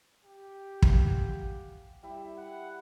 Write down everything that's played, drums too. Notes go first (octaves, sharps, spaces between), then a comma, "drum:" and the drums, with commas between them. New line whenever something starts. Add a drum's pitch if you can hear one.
G4
F5 F#5 G#5, drum: kick
G3 E4 E5
F#5